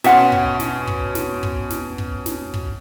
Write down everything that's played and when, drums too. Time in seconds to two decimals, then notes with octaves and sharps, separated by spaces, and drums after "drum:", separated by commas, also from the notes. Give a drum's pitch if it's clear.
0.04 B2 C#4 E5 F#5 C6, drum: snare
0.32 drum: kick
0.60 drum: snare
0.87 drum: kick
1.15 drum: snare
1.43 drum: kick
1.71 drum: snare
1.98 drum: kick
2.26 drum: snare
2.54 drum: kick